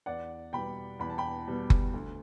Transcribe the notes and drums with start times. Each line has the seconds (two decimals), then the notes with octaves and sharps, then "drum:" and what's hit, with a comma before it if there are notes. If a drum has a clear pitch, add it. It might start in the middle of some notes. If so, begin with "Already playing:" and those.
0.06 E2 D5 F#5
0.53 B2 G3 B3 G5 B5
0.99 E2 B5
1.10 A5
1.18 G5 B5
1.47 B2 G3 B3
1.70 drum: kick F#1
1.94 D2